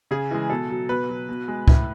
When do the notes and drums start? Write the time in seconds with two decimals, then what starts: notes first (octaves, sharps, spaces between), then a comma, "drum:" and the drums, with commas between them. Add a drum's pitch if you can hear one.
0.11 C#3 G#4
0.31 E3 G#3
0.50 B2 A4
0.70 F#3
0.89 B2 B4
1.09 F#3
1.29 B2
1.48 G#3
1.68 A2, drum: kick